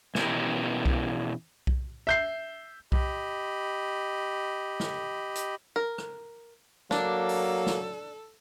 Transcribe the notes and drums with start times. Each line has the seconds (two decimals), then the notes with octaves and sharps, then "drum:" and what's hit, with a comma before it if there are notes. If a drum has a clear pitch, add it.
0.15 B2 E3 C#4 G4 A#4, drum: snare
0.85 drum: kick B1
1.67 drum: kick B1
2.07 E5 G6 C7
2.92 G4 D#5 B5, drum: kick B1
4.80 drum: snare
5.35 drum: hi-hat
5.76 A#4
5.98 drum: rim click
6.91 F#3 A#3 D4 A4, drum: snare
7.29 drum: open hi-hat
7.66 drum: snare